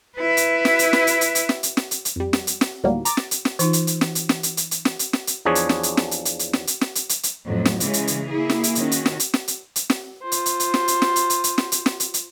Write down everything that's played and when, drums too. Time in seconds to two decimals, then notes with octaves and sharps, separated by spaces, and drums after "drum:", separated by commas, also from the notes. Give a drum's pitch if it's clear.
0.17 E4 B4
0.37 drum: hi-hat
0.65 drum: snare
0.79 drum: hi-hat
0.93 drum: snare
1.07 drum: hi-hat
1.21 drum: hi-hat
1.35 drum: hi-hat
1.49 drum: snare
1.63 drum: hi-hat
1.77 drum: snare
1.91 drum: hi-hat
2.05 drum: hi-hat
2.16 F2 G3
2.33 drum: snare
2.47 drum: hi-hat
2.61 drum: snare
2.84 D2 A2 D#3 F#3 G3 A#3
3.05 A#5 D6 A6, drum: hi-hat
3.17 drum: snare
3.31 drum: hi-hat
3.45 drum: snare
3.59 E3 D#4 F4, drum: hi-hat
3.73 drum: hi-hat
3.87 drum: hi-hat
4.01 drum: snare
4.15 drum: hi-hat
4.29 drum: snare
4.43 drum: hi-hat
4.57 drum: hi-hat
4.71 drum: hi-hat
4.85 drum: snare
4.99 drum: hi-hat
5.13 drum: snare
5.27 drum: hi-hat
5.45 E2 F3 D4 G#4 C#5
5.55 drum: hi-hat
5.69 drum: snare
5.83 drum: hi-hat
5.97 drum: snare
6.11 drum: hi-hat
6.25 drum: hi-hat
6.39 drum: hi-hat
6.53 drum: snare
6.67 drum: hi-hat
6.81 drum: snare
6.95 drum: hi-hat
7.09 drum: hi-hat
7.23 drum: hi-hat
7.45 F2 A2 F#3
7.65 drum: snare
7.80 C#3 E3 G#3 C#4, drum: hi-hat
7.93 drum: hi-hat
8.07 drum: hi-hat
8.30 A#3 E4 G#4
8.49 drum: snare
8.64 drum: hi-hat
8.75 D#3 C#4 F#4, drum: hi-hat
8.92 drum: hi-hat
9.06 drum: snare
9.20 drum: hi-hat
9.34 drum: snare
9.48 drum: hi-hat
9.76 drum: hi-hat
9.90 drum: snare
10.23 F4 C5
10.32 drum: hi-hat
10.46 drum: hi-hat
10.60 drum: hi-hat
10.74 drum: snare
10.88 drum: hi-hat
11.02 drum: snare
11.16 drum: hi-hat
11.30 drum: hi-hat
11.44 drum: hi-hat
11.58 drum: snare
11.72 drum: hi-hat
11.86 drum: snare
12.00 drum: hi-hat
12.14 drum: hi-hat